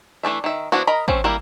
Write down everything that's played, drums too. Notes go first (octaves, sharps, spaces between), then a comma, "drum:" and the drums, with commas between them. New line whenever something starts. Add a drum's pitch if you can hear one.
E3 A3 D4 E5
D#3 E5
F3 B3 D4 E4 F#4
A#4 D#5 A#5 B5
A3 C4 C#4, drum: kick
G3 A#3 E4 A#4 E5